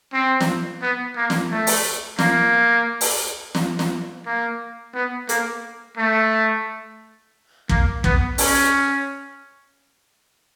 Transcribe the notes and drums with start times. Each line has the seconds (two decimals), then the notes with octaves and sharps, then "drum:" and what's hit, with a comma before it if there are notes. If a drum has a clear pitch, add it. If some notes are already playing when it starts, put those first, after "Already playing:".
0.13 C4
0.40 drum: snare
0.81 B3
1.16 A#3
1.30 drum: snare
1.50 A3
1.67 drum: open hi-hat
2.19 A#3, drum: snare
3.01 drum: open hi-hat
3.55 drum: snare
3.79 drum: snare
4.26 A#3
4.94 B3
5.29 A#3, drum: hi-hat
5.97 A3
7.69 A#3, drum: kick
8.04 B3, drum: kick
8.38 C#4, drum: open hi-hat